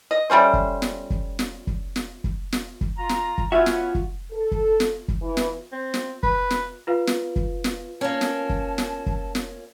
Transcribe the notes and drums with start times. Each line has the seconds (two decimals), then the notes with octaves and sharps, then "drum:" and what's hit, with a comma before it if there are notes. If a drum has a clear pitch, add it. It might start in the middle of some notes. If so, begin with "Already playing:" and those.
0.11 D#5
0.30 G3 A3 C#4 C5
0.53 drum: kick
0.82 drum: snare
1.10 drum: kick
1.39 drum: snare
1.67 drum: kick
1.96 drum: snare
2.24 drum: kick
2.52 drum: snare
2.81 drum: kick
2.98 F4 A#5
3.09 drum: snare
3.38 drum: kick
3.52 B3 C#4 F4 F#4 E5
3.66 drum: snare
3.95 drum: kick
4.32 A4
4.51 drum: kick
4.80 drum: snare
5.08 drum: kick
5.22 E3
5.37 drum: snare
5.72 C4
5.94 drum: snare
6.23 B4, drum: kick
6.50 drum: snare
6.87 F4 B4 F5
7.07 drum: snare
7.36 drum: kick
7.64 drum: snare
8.01 A#3 C#4 A5
8.21 drum: snare
8.49 drum: kick
8.78 drum: snare
9.06 drum: kick
9.35 drum: snare